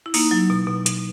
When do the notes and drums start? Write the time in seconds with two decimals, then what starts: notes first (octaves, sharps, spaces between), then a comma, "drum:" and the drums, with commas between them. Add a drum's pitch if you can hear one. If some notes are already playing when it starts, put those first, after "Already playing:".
0.06 E4
0.14 A#3 D#4, drum: open hi-hat
0.31 F#3
0.50 B2
0.67 B2
0.86 B2, drum: hi-hat